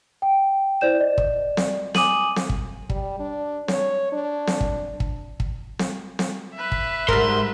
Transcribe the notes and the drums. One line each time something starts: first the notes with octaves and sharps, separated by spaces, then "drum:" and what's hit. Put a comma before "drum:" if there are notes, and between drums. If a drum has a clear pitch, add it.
G5
E4 C5 D5 G6 E7
D5 D#5
drum: kick
drum: snare C4
G#5 D6 D#6 D#7 F#7, drum: snare C4
drum: snare C4
drum: kick
G3, drum: kick
D4
C#5, drum: snare C4
D4
drum: snare C4
drum: kick
drum: kick
drum: kick
drum: snare C4
drum: snare C4
B4 E5
drum: kick
G#2 G3 A#4 C6, drum: kick